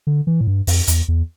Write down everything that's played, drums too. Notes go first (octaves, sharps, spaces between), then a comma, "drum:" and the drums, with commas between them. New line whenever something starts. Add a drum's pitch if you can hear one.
D3
E3
A2
G2
F2, drum: open hi-hat
E2, drum: hi-hat
E2